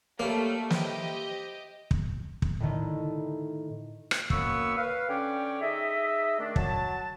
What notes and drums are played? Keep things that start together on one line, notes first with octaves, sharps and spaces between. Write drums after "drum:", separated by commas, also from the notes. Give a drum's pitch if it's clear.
G3 A3 A#3 C#4
G4 B4 C5 D#5 E5, drum: snare
drum: kick
drum: kick
A2 D3 D#3 A3
drum: rim click
F#2 A#3 B3 C#6 E6, drum: kick
B4 F5
D3 C#4 C#5 D5 G5
D#4 G#4 D#5 E5
D#3 A3 D4
F#3 A5, drum: kick